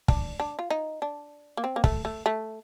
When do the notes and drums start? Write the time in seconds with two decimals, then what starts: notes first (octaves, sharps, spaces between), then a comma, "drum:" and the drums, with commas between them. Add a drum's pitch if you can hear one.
0.08 D4, drum: kick
0.40 D4
0.59 F4
0.70 D#4
1.02 D4
1.57 A#3
1.64 C4
1.76 A#3
1.84 A3, drum: kick
2.05 A3
2.26 A3